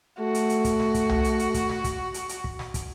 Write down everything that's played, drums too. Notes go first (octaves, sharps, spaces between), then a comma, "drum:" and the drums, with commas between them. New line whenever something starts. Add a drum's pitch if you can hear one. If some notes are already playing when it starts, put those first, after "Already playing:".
A3 F#4
drum: hi-hat
drum: hi-hat
drum: kick, hi-hat
drum: snare
drum: kick, hi-hat
drum: tom C2
drum: hi-hat
drum: hi-hat
drum: kick, hi-hat
drum: snare
drum: kick, hi-hat
drum: hi-hat
drum: hi-hat
drum: kick
drum: snare
drum: kick, hi-hat